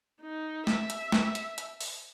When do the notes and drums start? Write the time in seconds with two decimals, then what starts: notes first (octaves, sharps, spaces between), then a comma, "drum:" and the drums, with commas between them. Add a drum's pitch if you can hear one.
0.21 D#4
0.67 E5, drum: snare
0.90 drum: hi-hat
1.12 drum: snare
1.35 drum: hi-hat
1.58 drum: hi-hat
1.81 drum: open hi-hat